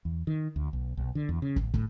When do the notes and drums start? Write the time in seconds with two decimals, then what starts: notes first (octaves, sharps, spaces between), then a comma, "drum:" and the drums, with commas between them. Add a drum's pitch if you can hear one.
0.05 E2
0.27 D#3
0.56 D2
0.73 B1
0.97 B1
1.15 D3
1.29 E2
1.42 C#3
1.56 A1, drum: kick
1.74 A2, drum: kick